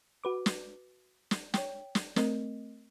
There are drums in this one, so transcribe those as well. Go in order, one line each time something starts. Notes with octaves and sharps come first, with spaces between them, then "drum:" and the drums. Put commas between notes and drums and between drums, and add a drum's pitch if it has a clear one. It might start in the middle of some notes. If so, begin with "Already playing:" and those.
F#4 B4 D6
drum: snare
drum: snare
C#5 G5, drum: snare
drum: snare
A3 C4 A#4 D#5, drum: snare